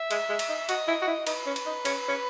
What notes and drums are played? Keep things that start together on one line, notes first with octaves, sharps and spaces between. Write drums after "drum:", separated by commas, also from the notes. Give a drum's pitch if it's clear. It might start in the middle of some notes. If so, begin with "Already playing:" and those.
Already playing: E5
G#3, drum: cymbal
G#3
drum: cymbal
D#4
F#4 D#5, drum: cymbal
E4
F#4
E4
D#4 B4, drum: cymbal
C#4
drum: cymbal
D#4
C#4, drum: cymbal
C#4